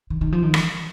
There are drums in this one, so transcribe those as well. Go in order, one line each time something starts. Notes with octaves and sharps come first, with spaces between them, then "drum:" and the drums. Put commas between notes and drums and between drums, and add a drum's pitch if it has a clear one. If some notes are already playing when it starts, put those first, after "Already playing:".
D#3
D#3
F3
D#3
drum: rim click